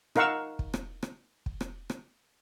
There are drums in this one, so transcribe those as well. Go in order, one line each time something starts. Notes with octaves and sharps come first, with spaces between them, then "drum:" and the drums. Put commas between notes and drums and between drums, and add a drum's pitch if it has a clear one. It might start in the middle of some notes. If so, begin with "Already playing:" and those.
D#4 A#4 F5 F#5 C#6 E6, drum: rim click
drum: kick
drum: rim click
drum: rim click
drum: kick
drum: rim click
drum: rim click